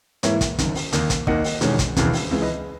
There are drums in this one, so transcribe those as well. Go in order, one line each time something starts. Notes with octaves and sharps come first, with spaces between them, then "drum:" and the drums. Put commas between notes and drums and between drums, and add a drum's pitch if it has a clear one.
G#2 E3 A#3 E4 C#5 E5, drum: hi-hat
drum: kick, hi-hat
F#1 F#2 D#3, drum: kick, hi-hat
drum: open hi-hat
D#2 D#3 A#3 D#4, drum: hi-hat
drum: kick, hi-hat
D#2 D#3 A#3 D#5 F#5, drum: kick
drum: open hi-hat
E1 E2 D#3 G#3 C#4, drum: hi-hat
drum: kick, hi-hat
E1 D#2 C#3 E3, drum: kick, hi-hat
drum: open hi-hat
C#2 C#3 E3
B4 D#5